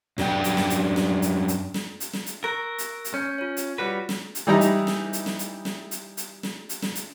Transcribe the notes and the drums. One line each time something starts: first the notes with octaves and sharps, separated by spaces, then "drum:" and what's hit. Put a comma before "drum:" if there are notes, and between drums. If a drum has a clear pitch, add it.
F#2 D4 G5, drum: snare
drum: hi-hat
drum: snare
drum: hi-hat
drum: snare
drum: hi-hat
drum: hi-hat
drum: snare
drum: hi-hat
drum: snare
drum: hi-hat
A#4 C#6 E6 F#6
drum: hi-hat
drum: hi-hat
C#4 G6
F4 C#5
drum: hi-hat
G3 F#4 B4
drum: snare
drum: hi-hat
E3 G3 D#4 E4 D#5 A#5
drum: hi-hat
drum: snare
drum: hi-hat
drum: snare
drum: hi-hat
drum: snare
drum: hi-hat
drum: hi-hat
drum: snare
drum: hi-hat
drum: snare
drum: hi-hat